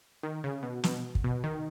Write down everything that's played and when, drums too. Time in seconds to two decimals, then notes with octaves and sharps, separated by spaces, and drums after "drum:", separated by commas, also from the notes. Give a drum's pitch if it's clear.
0.23 D#3
0.44 C#3
0.63 B2
0.84 B2, drum: snare
1.15 drum: kick
1.24 B2
1.44 D#3